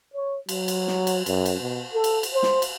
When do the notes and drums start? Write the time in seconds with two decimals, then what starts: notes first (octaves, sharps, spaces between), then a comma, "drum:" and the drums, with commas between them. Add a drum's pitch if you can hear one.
0.14 C#5
0.49 F#3, drum: cymbal
0.68 drum: cymbal
0.87 drum: snare
1.07 drum: cymbal
1.26 F#2, drum: cymbal
1.46 drum: cymbal
1.59 B2
1.93 A4
2.04 drum: cymbal
2.23 drum: cymbal
2.32 C5
2.43 drum: snare
2.62 drum: cymbal